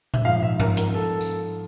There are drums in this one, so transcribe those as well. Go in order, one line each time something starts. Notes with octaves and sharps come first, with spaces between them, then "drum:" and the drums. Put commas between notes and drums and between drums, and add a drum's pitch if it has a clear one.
E5, drum: tom A#2
G#2 F3 F5
E5
A#4, drum: tom
A#4, drum: hi-hat
A4
drum: tambourine